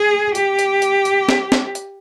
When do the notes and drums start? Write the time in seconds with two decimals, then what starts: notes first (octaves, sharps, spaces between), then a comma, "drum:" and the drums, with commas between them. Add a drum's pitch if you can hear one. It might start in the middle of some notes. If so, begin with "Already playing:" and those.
Already playing: G#4
0.35 G4, drum: hi-hat
0.59 drum: hi-hat
0.82 drum: hi-hat
1.05 drum: hi-hat
1.29 drum: snare
1.52 drum: snare
1.75 drum: hi-hat